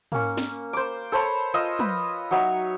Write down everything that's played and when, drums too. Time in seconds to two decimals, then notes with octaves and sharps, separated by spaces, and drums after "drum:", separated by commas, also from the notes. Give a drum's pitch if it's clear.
0.12 A#3 C#4, drum: tom
0.37 drum: snare
0.73 C5 D6
1.12 A4 C5 C#5 B5
1.54 F4 D#5 G#5 E6
1.79 B4, drum: tom
2.31 F#3 D#4 C#5 E5